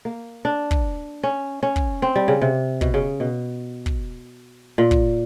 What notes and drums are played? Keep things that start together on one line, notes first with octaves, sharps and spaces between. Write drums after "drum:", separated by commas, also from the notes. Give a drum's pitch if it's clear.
A#3
D4
drum: kick
C#4
C#4
drum: kick
C4
G3
C#3
C3
B2, drum: kick
C#3
B2
drum: kick
A#2
drum: kick